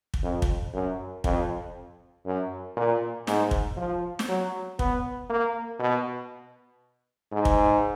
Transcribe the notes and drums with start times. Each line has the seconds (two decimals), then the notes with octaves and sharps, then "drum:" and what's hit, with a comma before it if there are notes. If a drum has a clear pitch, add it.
0.14 drum: kick
0.23 F2
0.42 drum: kick
0.74 F#2
1.24 F2, drum: kick
2.26 F#2
2.77 A#2
3.27 G#2, drum: snare
3.51 drum: kick
3.77 F3
4.19 drum: snare
4.29 F#3
4.79 B3, drum: kick
5.30 A#3
5.80 B2
7.32 G#2
7.45 drum: kick